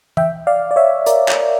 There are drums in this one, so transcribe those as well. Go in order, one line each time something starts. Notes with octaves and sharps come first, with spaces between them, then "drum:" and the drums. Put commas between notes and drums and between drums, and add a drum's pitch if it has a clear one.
E5 G5, drum: tom E3
D5 F5
D5
C#5 E5
A#4 D5, drum: hi-hat
drum: clap